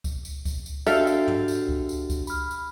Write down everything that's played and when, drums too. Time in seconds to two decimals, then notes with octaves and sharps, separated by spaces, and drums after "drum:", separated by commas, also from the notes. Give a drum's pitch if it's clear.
0.04 drum: kick C#2, tambourine
0.25 drum: tambourine
0.45 drum: kick C#2, tambourine
0.66 drum: tambourine
0.86 D4 F#4 G4 A4 E5 F5 G5, drum: tambourine
1.07 drum: tambourine
1.28 drum: tom
1.48 drum: tambourine
1.69 drum: kick C#2
1.89 drum: tambourine
2.10 drum: kick C#2, tambourine
2.27 B5 F6, drum: tambourine
2.51 drum: tambourine